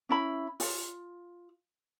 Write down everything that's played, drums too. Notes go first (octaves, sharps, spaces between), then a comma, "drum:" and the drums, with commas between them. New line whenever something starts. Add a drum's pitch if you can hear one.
C#4 E4 B5
F4, drum: open hi-hat